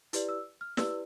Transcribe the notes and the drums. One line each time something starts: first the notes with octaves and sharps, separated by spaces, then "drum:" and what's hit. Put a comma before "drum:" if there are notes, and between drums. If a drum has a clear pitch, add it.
E4 G4 B4 D5, drum: hi-hat
E6
F6
E4 G4 B4 D5 E6, drum: snare